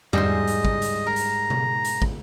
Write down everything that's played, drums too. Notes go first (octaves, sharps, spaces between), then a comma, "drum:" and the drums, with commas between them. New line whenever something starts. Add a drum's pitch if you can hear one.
G#2 G3 D#5 E5 C6, drum: tom E2
drum: hi-hat
drum: kick
drum: hi-hat
A#4 A#5
drum: hi-hat
drum: tom B2
drum: hi-hat
drum: kick